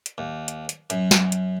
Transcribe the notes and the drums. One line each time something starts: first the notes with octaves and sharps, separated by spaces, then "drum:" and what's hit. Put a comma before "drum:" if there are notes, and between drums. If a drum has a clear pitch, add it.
drum: hi-hat
D#2
drum: hi-hat
drum: hi-hat
F#2, drum: hi-hat
drum: snare
drum: hi-hat